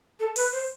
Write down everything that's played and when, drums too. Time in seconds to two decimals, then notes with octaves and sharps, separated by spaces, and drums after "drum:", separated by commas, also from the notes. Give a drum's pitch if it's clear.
0.19 A4
0.36 B4, drum: open hi-hat
0.52 C5